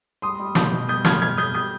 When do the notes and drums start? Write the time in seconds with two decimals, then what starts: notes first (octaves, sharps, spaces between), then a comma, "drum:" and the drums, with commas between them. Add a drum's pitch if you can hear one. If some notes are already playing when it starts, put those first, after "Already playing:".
0.22 G3 C6 D#6
0.39 G3
0.55 B2 D#6 G6, drum: snare
0.72 B2
0.89 G3 D#6 G6
1.05 G3 F6 G#6, drum: snare
1.22 B2 F6 G#6
1.37 B2 D#6 G6
1.54 G3 D#6 G6